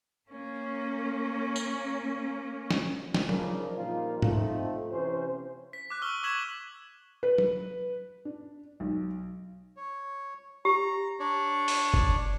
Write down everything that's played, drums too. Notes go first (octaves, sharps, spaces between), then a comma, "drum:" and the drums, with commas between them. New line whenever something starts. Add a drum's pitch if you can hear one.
A#3 C#4
drum: tambourine
drum: snare
drum: snare
C#3 F3 D4 D#4 A#4, drum: tom
A#2 F3 G3 D#4 F4 A#4
F2 F3 A3 C4 D#4 F4, drum: tom G#2
C3 E3 C#4 C5
B6
D6 F#6
C#6 E6 F6 G7
C#6 E6 G#6 B6 E7 F#7
B4
drum: tom
D4
B1
C#5
G4 A#5
D4 C#5 D5
drum: open hi-hat
drum: kick F#1